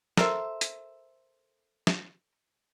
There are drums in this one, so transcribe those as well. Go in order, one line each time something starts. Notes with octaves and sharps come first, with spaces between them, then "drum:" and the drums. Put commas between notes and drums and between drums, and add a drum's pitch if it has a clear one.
A4 A#4 C5 E5, drum: snare
drum: hi-hat
drum: snare